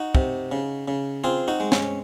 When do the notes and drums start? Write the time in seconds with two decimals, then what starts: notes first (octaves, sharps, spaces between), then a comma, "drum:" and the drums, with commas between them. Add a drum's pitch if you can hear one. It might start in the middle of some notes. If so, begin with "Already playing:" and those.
Already playing: D#4 F#4
0.15 C3, drum: kick
0.52 C#3
0.88 C#3
1.24 C4 F4 G#4
1.48 D#4 F#4
1.60 G#3
1.72 C#4, drum: snare